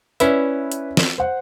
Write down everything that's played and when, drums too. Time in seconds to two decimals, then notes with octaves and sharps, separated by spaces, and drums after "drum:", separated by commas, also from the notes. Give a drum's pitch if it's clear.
0.20 C#4 E4 B4 D5 E5, drum: hi-hat
0.72 drum: hi-hat
0.97 drum: snare
1.18 C5 F#5